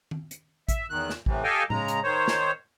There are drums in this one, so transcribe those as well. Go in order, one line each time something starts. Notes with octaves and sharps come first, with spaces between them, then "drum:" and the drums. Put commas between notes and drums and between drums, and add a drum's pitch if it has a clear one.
drum: tom D#3
drum: hi-hat
E5, drum: kick A1, hi-hat
E2 D#3 F#6
drum: snare
A2 C3 E3, drum: kick A1
G4 A4 D#5 F5 G5 G#5
C#3 G#3 A#5, drum: tom A2
drum: hi-hat
D#3 C5 C#5
drum: snare